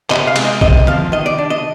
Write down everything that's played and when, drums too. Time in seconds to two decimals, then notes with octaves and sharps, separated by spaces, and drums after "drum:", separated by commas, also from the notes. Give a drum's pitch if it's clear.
0.10 C3 D#5, drum: clap
0.27 F5
0.36 G#3, drum: cymbal
0.45 D#5
0.61 C3 D#5, drum: kick A#1
0.87 F3 F5, drum: tom
1.12 D#3 D#5
1.26 D5
1.38 D4
1.50 D#5